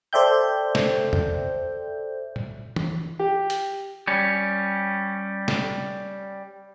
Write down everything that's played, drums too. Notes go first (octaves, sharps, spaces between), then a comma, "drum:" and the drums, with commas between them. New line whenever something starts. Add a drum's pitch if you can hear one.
A4 C5 D5 E5 G5 G6
drum: snare
drum: tom
drum: tom A#2
drum: tom
G4
drum: hi-hat
G3 C#4
drum: snare